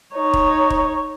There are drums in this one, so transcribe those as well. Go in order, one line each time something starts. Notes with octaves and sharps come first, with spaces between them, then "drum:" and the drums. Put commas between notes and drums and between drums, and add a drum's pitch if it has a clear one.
D#4 C#5
drum: kick
drum: kick